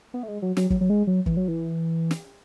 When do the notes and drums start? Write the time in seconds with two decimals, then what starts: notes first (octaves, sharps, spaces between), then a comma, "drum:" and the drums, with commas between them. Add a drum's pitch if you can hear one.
0.14 B3
0.23 A3
0.28 G#3
0.42 F#3
0.57 F#3, drum: snare
0.70 F#3, drum: kick
0.81 F#3
0.90 G#3
1.07 F#3
1.26 E3, drum: kick
1.37 F#3
1.48 E3
2.11 drum: snare